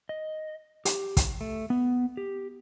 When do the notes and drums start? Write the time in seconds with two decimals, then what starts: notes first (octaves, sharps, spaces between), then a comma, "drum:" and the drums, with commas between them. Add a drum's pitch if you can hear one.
0.09 D#5
0.85 G4, drum: hi-hat
1.17 drum: kick, hi-hat
1.41 A3
1.70 B3
2.17 G4